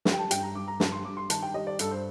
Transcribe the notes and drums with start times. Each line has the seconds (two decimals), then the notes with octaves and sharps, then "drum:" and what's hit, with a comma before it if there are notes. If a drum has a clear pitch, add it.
0.05 G3, drum: snare
0.13 G5
0.19 A5
0.31 G2 G5, drum: hi-hat
0.43 A#5
0.55 G2 D6
0.68 A#5
0.80 G2 A5, drum: snare
0.92 C6
1.05 G2 D6
1.17 C6
1.30 D#3 A5, drum: hi-hat
1.43 G5
1.54 G3 D#5
1.67 D5
1.79 G2 A4, drum: hi-hat
1.91 C5